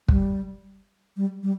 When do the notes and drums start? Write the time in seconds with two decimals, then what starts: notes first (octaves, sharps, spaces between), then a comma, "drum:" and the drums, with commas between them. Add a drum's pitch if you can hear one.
0.08 G3, drum: kick
1.17 G3
1.43 G3